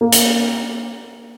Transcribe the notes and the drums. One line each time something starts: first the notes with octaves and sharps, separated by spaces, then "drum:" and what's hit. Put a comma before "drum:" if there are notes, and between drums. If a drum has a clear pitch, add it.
A#3
drum: hi-hat